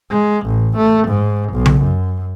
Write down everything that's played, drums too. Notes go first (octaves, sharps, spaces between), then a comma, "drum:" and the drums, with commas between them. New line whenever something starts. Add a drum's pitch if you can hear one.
G#3
A1
A3
G#2
B1
drum: tom C#3
F#2